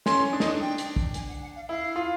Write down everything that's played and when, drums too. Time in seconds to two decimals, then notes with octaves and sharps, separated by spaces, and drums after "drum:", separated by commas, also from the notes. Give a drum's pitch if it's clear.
0.06 C#4 C6, drum: snare
0.33 D4
0.40 D#4, drum: snare
0.48 D4
0.60 G5
0.78 drum: hi-hat
0.96 drum: kick
1.14 G#5, drum: hi-hat
1.28 F#5
1.42 F#5
1.55 F5
1.69 E4 F5
1.96 F4